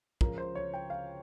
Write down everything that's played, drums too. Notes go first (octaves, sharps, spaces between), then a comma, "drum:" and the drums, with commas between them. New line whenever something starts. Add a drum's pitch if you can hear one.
C#2 C#3 F3 A#4, drum: kick
C5
C#5
G5
F5